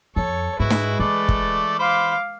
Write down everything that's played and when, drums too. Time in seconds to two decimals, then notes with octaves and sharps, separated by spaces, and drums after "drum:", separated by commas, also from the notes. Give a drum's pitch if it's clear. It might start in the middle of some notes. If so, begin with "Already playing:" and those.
0.16 F2 A4 C#5
0.60 G#2 G#3 E4 F#4 B4
0.70 drum: snare
0.99 E3 A3 D5
1.29 drum: kick
1.79 C5 F5 B5 D6